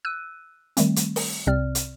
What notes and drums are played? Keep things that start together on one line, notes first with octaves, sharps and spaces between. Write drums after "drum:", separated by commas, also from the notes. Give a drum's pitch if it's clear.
E6 F#6 D#7
D#3 G3 A3 C4, drum: hi-hat
drum: hi-hat
drum: open hi-hat
C2 C3 C4 D5 F6
drum: hi-hat